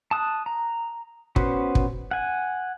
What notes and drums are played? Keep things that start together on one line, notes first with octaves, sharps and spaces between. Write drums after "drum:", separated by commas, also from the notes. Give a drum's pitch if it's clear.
A5 D#6 F#6
A#5
B3 C#4 F#4 B4 C5, drum: kick
drum: kick
F#5 G#5